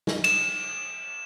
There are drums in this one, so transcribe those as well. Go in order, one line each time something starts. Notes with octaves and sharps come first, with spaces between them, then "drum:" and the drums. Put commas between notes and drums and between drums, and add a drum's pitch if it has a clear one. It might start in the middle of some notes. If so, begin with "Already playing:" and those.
drum: snare
E7, drum: cymbal